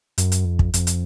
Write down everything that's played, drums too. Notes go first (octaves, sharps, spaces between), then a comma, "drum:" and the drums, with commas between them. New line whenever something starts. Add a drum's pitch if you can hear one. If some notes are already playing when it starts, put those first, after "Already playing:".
F#2, drum: hi-hat
drum: hi-hat
F2
drum: kick
F2, drum: hi-hat
drum: hi-hat